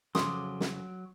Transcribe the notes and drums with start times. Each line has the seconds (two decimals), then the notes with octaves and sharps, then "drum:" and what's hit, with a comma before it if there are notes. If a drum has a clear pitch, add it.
0.15 F2 C#3 F#3 C6 D6 D#6, drum: snare
0.60 drum: snare